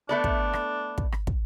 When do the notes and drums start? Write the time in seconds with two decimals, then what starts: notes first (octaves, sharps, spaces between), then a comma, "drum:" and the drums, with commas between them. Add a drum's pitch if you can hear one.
0.09 A3 B3 D4 D5
0.24 drum: kick
0.53 drum: rim click
0.98 drum: kick
1.12 drum: rim click
1.27 drum: kick